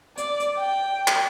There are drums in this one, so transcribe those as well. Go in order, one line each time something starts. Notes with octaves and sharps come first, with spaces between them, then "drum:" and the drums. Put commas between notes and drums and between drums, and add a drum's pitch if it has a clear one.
D5, drum: hi-hat
drum: hi-hat
G5
drum: clap